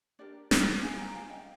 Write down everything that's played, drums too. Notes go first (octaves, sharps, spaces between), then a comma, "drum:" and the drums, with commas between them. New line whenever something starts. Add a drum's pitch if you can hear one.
D4 G4 A#4 D5
drum: snare
F4 G#4 F5 G#5
G5 A#5
F5 G#5
D#5 G5